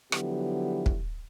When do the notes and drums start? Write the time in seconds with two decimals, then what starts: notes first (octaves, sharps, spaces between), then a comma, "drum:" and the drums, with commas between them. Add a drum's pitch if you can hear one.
0.12 D3 F3 F#3 B3 E4 G4, drum: rim click
0.86 drum: kick